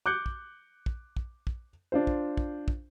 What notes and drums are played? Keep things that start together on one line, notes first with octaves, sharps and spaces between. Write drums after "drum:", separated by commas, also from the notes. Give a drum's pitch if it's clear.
D6 F#6 G6 C#7
drum: kick
drum: kick
drum: kick
drum: kick
D4 F4 C5
drum: kick
drum: kick
drum: kick